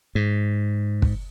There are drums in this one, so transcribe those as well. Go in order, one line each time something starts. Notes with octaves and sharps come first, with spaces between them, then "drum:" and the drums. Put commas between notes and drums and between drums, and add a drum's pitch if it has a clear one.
G#2
drum: kick